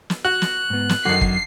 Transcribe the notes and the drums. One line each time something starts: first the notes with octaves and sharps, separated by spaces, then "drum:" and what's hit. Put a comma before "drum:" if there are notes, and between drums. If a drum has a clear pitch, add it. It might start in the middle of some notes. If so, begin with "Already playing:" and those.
drum: snare
F#4 F#6
drum: snare
G#2 B3
drum: snare
F#2 D3 D#3 F#3 F#4 C7
drum: kick